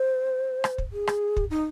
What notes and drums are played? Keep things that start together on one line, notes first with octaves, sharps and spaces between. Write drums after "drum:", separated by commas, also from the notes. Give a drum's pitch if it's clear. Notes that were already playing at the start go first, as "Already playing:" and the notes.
Already playing: C5
drum: rim click
drum: kick
G#4
drum: rim click
drum: kick
D#4